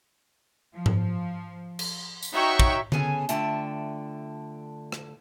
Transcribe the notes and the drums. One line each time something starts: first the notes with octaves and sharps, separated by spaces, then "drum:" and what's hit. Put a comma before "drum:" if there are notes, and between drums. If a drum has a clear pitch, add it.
F3
drum: tom G#2
drum: cymbal
drum: tambourine
D#4 F#4 C#5 E5 G5 C#6
drum: kick
C#3 B3 C#4 G#4 A4 G#5, drum: tom D3
D3 A3 F4 E5 G5 A5, drum: hi-hat
drum: rim click